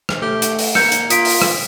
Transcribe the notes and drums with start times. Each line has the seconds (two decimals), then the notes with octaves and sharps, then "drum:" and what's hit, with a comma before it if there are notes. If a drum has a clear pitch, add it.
0.09 drum: rim click
0.22 A3 G4
0.42 drum: hi-hat
0.59 drum: open hi-hat
0.75 A#3 G6 C#7, drum: rim click
0.92 drum: hi-hat
1.10 F4 D#6 B6 D7, drum: hi-hat
1.25 drum: open hi-hat
1.42 drum: rim click